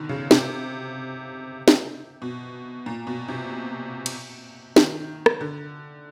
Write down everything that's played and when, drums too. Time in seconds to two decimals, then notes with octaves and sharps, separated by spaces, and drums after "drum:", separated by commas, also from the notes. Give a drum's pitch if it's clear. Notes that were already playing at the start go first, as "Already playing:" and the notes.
Already playing: B2 D3 D#3
0.09 C#3
0.31 C3, drum: snare
1.68 drum: snare
2.22 B2
2.86 A#2
3.07 B2
3.28 C3
4.06 drum: cymbal
4.76 D#3, drum: snare
5.26 drum: rim click
5.41 D3